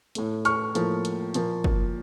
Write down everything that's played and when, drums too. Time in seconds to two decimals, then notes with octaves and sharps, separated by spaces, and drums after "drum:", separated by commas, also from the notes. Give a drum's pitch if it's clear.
0.15 A2 A3, drum: hi-hat
0.45 C#6 F6, drum: hi-hat
0.75 A2 F3 A#3, drum: hi-hat
1.05 drum: hi-hat
1.34 A#2 F3 A#3, drum: hi-hat
1.64 drum: kick